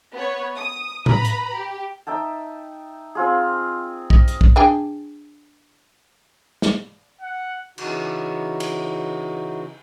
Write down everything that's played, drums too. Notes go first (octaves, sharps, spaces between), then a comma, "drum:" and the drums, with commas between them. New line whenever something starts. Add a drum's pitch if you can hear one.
B3 C#5
D#6
B4 A#5 B5, drum: tom A2
drum: hi-hat
G4
D#4 E5 G5 A5
C4 F4 G#4
D#5, drum: kick
drum: hi-hat
drum: kick
D4 G#4 G5
drum: snare
F#5
C#3 E3 D#4 F#4, drum: cymbal
drum: cymbal